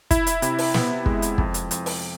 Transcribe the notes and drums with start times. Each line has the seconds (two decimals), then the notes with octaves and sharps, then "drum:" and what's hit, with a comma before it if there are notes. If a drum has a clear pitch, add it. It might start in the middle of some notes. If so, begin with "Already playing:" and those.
0.11 E4, drum: kick, hi-hat
0.27 drum: hi-hat
0.42 C3, drum: hi-hat
0.58 drum: open hi-hat
0.74 B3, drum: snare
1.06 G#3, drum: kick
1.22 drum: hi-hat
1.38 F2, drum: kick
1.54 drum: hi-hat
1.71 F2, drum: hi-hat
1.86 drum: open hi-hat